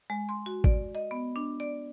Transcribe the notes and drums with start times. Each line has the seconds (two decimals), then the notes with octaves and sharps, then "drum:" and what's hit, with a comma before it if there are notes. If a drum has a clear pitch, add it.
0.10 G#3
0.29 C6
0.46 F#4
0.64 D5, drum: kick
0.95 D#5
1.11 B3
1.36 D4
1.60 D5